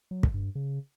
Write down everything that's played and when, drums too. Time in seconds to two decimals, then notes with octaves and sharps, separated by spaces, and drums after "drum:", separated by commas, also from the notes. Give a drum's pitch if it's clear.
0.11 F#3
0.23 drum: kick
0.34 G2
0.55 C#3